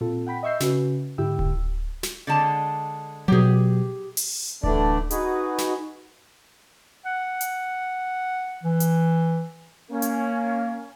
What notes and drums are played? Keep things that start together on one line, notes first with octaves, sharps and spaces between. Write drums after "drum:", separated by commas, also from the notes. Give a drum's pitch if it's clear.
A#2 C4 F4 A4
F#5 G5 B5 B6
D#5 E5 C#6 E6 G6 C7
C#3 C#4 F#4 B4, drum: snare
G#2 D3 E4 G4 G5 E6
drum: kick D1
drum: snare
D3 G#3 A5
B2 F#3 G4 G#4
drum: open hi-hat
D3 E3 A3 D4 D5, drum: kick D1
D#4 F#4 G#4 B4, drum: hi-hat
drum: snare
F#5
drum: hi-hat
E3
drum: hi-hat
A#3 C#4
drum: hi-hat